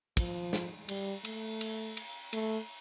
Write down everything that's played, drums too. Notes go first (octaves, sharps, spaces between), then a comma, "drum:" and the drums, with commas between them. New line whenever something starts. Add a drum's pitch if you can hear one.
F3, drum: kick, cymbal
drum: snare
G3, drum: cymbal
A3, drum: cymbal
drum: cymbal
drum: cymbal
A3, drum: cymbal